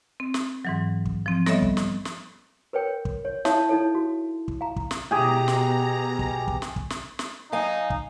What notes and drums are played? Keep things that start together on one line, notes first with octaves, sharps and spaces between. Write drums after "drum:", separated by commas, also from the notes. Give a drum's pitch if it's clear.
C4
drum: snare
G#2 E3 F#3
drum: kick
F3 C4
G3 B3 A4 C#5 D#5 E5, drum: snare
drum: kick
drum: snare
drum: snare
A#4 B4 C#5 G5
drum: kick
C#5
E4 C#5 E5 F5 A5 D#6, drum: snare
D#4 E4 A4 C#5
F#4
drum: kick
F5 A#5
drum: kick
drum: snare
B2 G4 G#4 A#5
drum: snare
drum: kick
drum: kick
drum: snare
drum: kick
drum: snare
drum: snare
F#3 D#4 F5 G#5
drum: kick